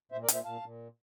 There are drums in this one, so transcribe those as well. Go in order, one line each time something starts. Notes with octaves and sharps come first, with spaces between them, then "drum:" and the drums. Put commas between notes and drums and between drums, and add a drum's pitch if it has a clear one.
A#2 C5 E5
A#4 D5
A#2, drum: hi-hat
C5 E5
A#2 F5 A5
A#2